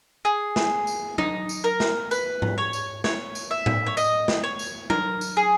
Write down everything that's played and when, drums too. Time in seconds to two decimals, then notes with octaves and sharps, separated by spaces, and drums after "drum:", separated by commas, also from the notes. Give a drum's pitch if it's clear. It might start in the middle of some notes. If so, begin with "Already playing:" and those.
0.25 G#4
0.56 drum: snare
0.87 drum: tambourine
1.18 D#4, drum: tom
1.49 drum: tambourine
1.64 A#4
1.80 drum: snare
2.11 B4, drum: tambourine
2.42 drum: tom G#2
2.58 C#5
2.73 drum: tambourine
3.04 C#5, drum: snare
3.35 drum: tambourine
3.51 E5
3.66 drum: tom A2
3.86 C#5
3.97 D#5, drum: tambourine
4.28 drum: snare
4.44 C#5
4.59 drum: tambourine
4.90 A#4, drum: tom
5.21 drum: tambourine
5.37 G#4